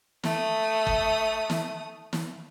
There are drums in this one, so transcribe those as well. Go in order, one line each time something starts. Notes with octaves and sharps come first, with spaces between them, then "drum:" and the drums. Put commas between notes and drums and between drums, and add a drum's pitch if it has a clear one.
A3 D#6, drum: snare
drum: kick
drum: snare
drum: snare